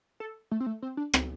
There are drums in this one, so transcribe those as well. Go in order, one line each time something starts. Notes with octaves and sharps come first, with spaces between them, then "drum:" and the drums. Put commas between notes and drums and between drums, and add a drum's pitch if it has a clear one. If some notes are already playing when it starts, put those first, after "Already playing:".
A4
A3
C4
A3
C4
D4
C4, drum: rim click